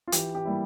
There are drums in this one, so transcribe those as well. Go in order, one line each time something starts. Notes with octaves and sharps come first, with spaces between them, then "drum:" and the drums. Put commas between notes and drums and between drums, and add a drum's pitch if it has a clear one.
F4
E3 G4, drum: hi-hat
G4
G3 A#3 E4